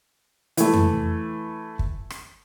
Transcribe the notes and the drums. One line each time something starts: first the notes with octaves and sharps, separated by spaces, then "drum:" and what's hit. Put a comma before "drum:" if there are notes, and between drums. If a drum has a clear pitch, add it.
E3 A3, drum: hi-hat
drum: tom F2
drum: kick
drum: rim click